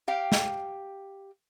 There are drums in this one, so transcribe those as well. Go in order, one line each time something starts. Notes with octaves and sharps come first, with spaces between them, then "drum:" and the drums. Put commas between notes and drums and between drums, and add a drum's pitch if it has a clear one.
G4 F5 G5
drum: snare